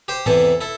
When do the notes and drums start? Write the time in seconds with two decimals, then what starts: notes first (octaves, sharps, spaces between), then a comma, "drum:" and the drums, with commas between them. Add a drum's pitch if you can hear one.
0.08 G4 C5
0.26 E2 C3 E3 E4 A4, drum: tom G#2
0.61 E4 A4